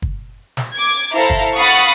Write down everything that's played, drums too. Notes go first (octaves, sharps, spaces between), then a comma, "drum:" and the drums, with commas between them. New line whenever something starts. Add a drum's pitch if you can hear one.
drum: kick
drum: snare
D6 G#6
E4 A4 C5 F5 A#5
drum: kick
F5 F#5 B5 C#6 D#6 A6